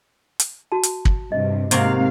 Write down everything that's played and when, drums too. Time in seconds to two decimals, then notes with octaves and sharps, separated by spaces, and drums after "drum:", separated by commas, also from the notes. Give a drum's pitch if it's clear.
0.40 drum: hi-hat
0.72 F#4 A5
0.83 drum: hi-hat
1.05 drum: kick
1.32 G2 C3 D#5
1.71 G#2 C3 A#3 C4 F#4 F5, drum: hi-hat